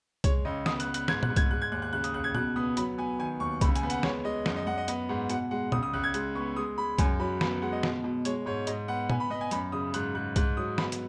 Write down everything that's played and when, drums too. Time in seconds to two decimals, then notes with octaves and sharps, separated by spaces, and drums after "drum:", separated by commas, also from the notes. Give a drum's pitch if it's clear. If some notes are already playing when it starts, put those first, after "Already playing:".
0.24 G#3 C#5, drum: kick C2, hi-hat
0.45 C#2 D#5
0.66 B3 D#6, drum: snare
0.80 F#6, drum: hi-hat
0.87 B3
0.94 F#6, drum: hi-hat
1.08 G#2 G#6, drum: snare
1.23 F#6, drum: tom
1.30 G#2
1.36 G#6, drum: kick C2, hi-hat
1.51 G#3 F#6
1.62 G#6
1.72 D#2 F#6
1.82 F#6
1.93 C#3 F#6
2.04 D#6, drum: hi-hat
2.14 C#2 F#6
2.24 G#6
2.35 B2 F#6, drum: tom
2.56 B3 D#6
2.77 F#3 B5, drum: hi-hat
2.98 B3 G#5
3.19 D#3 G#5
3.40 D#2 C#6
3.61 C#2 B5, drum: kick C2, hi-hat
3.76 G#5, drum: hi-hat
3.83 B3
3.90 F#5, drum: hi-hat
4.03 G#3 C#5, drum: snare
4.25 G#3 D#5
4.46 F#2 D#5, drum: snare
4.56 D#5
4.67 F#2 F#5
4.78 D#5
4.88 B3 D#5, drum: hi-hat
5.09 G#2 F#5
5.30 B2 F#5, drum: hi-hat
5.51 G#3 F#5
5.72 C#2 D#6, drum: tom
5.83 D#6
5.93 C#2 F#6
6.04 G#6
6.14 G#3 F#6, drum: hi-hat
6.35 B3 C#6
6.56 G#3 D#6
6.78 G#3 B5
6.98 F#2 G#5, drum: kick C2, hi-hat
7.20 F#3 B5
7.41 B3 B5, drum: snare
7.62 G#3 F#5
7.72 D#5
7.83 B2, drum: snare
8.04 B2
8.25 G#3 C#5, drum: hi-hat
8.46 G#2 C#5
8.67 G#2 D#5, drum: hi-hat
8.88 B3 F#5
9.10 B3 G#5, drum: tom
9.20 B5
9.30 B3 D#5
9.41 G#5
9.51 F#2 B5, drum: hi-hat
9.72 C#3 D#6
9.94 G#2 F#6, drum: hi-hat
10.15 G#2 F#6
10.36 G#2 F#6, drum: kick C2, hi-hat
10.57 F#3 D#6
10.78 B3 B5, drum: snare
10.92 drum: hi-hat